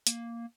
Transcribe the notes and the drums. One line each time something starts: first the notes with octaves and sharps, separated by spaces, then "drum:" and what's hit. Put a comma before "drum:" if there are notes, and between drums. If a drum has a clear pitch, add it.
A#3, drum: hi-hat